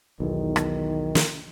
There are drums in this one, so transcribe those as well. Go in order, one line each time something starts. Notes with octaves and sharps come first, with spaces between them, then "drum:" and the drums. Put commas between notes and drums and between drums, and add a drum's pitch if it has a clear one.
B1 E2 D#3
drum: rim click
drum: snare